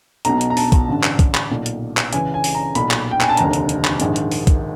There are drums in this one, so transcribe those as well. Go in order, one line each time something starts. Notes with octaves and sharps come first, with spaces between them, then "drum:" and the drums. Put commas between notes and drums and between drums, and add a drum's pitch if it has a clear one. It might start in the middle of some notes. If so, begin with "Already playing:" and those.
B1 B2 A#5, drum: hi-hat
drum: hi-hat
A#5
A5, drum: open hi-hat
drum: kick, hi-hat
A1 G2 D3
drum: clap
drum: kick, hi-hat
drum: clap
B1 A#2
drum: hi-hat
drum: clap
C#2 C#3 E3 G#5, drum: hi-hat
G#5
drum: open hi-hat
A#5
B1 A#2 B5, drum: hi-hat
drum: clap
G5
G#5, drum: clap
A5
F1 D#2 D3 A#5, drum: hi-hat
drum: hi-hat
drum: hi-hat
drum: clap
A#1 G#2 D#3, drum: hi-hat
drum: hi-hat
drum: open hi-hat
drum: kick, hi-hat